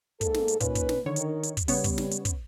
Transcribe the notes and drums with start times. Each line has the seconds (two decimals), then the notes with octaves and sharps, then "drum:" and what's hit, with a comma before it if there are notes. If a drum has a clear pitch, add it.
0.21 G#2 A#3 A4, drum: kick, hi-hat
0.34 drum: snare
0.48 drum: hi-hat
0.60 A#2 C#4 D#4 B4, drum: kick, hi-hat
0.75 drum: kick, hi-hat
0.89 drum: snare
1.06 D3 D#3 C#5
1.16 drum: hi-hat
1.43 drum: hi-hat
1.57 drum: kick, hi-hat
1.68 C#3 G3 B3 C#5, drum: open hi-hat
1.84 drum: kick, hi-hat
1.98 drum: snare
2.11 drum: hi-hat
2.25 drum: kick, hi-hat